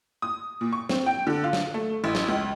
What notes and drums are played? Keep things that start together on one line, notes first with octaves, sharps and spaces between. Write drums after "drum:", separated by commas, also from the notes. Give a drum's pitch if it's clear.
D#6
A#2
C#6
C4, drum: snare
G5
D3
F4
drum: snare
A3
A1
drum: snare
C#2